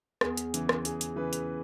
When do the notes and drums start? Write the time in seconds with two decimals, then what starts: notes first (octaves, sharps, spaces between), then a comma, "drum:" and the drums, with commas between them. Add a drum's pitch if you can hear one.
0.21 E2 G#4, drum: rim click
0.37 drum: hi-hat
0.54 C#3 E3, drum: hi-hat
0.69 drum: rim click
0.85 E2 G#4, drum: hi-hat
1.01 drum: hi-hat
1.16 C#3 E3 B4
1.33 drum: hi-hat